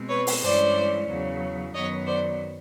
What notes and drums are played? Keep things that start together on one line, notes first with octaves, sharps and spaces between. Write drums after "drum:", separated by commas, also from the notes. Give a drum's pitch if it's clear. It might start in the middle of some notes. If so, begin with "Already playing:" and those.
Already playing: B2 G#3 C4
B4 C#5
drum: open hi-hat
G2 E3 G#3 C#4 C5 D5
E2 C#3 F#3
F#2 D#3 F#3 B3 C#5 D#5
C5 D5